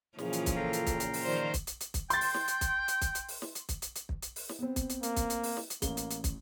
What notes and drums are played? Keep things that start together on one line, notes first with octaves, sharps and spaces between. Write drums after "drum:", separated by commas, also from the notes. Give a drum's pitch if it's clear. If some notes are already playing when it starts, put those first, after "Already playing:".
A#2 C#3 E3 F3 C#4 G#4, drum: snare
drum: hi-hat
drum: kick, hi-hat
A4 F5 G5 A#5
drum: hi-hat
drum: kick, hi-hat
drum: hi-hat
drum: open hi-hat
D#3 F3 C5 D5
drum: kick, hi-hat
drum: hi-hat
drum: hi-hat
drum: kick, hi-hat
G5 C6 A6, drum: hi-hat
drum: open hi-hat
drum: snare
drum: hi-hat
drum: kick, hi-hat
drum: hi-hat
drum: kick, hi-hat
drum: hi-hat
drum: open hi-hat
drum: snare
drum: hi-hat
drum: kick, hi-hat
drum: hi-hat
drum: hi-hat
drum: kick
drum: hi-hat
drum: open hi-hat
drum: snare
B3 C4
drum: kick, hi-hat
drum: hi-hat
A#3, drum: hi-hat
drum: kick, hi-hat
drum: hi-hat
drum: open hi-hat
drum: snare
drum: hi-hat
A1 A#3 G7, drum: kick, hi-hat
drum: hi-hat
drum: hi-hat
drum: kick, hi-hat